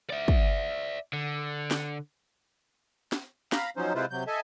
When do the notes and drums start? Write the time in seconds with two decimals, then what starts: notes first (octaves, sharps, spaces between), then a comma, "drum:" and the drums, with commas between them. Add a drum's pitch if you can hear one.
0.10 D5 E5
0.28 drum: kick
1.13 D3
1.71 drum: snare
3.12 drum: snare
3.52 F5 A#5 B5, drum: snare
3.77 F3 F#3 C#4 D#4 C5
3.95 C3 G#3 E4 F4 B4 C5
4.11 C3 F#3 G6
4.27 A4 D#5 E5 G#5 A5